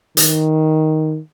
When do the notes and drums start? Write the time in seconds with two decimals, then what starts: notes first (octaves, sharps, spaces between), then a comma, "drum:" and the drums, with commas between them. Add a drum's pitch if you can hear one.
0.17 D#3, drum: hi-hat